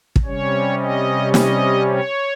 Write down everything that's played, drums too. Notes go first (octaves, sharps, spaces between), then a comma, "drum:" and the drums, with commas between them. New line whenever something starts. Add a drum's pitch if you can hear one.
drum: kick
C3 G3 C#4 C#5
D#5
D#5, drum: snare
C#5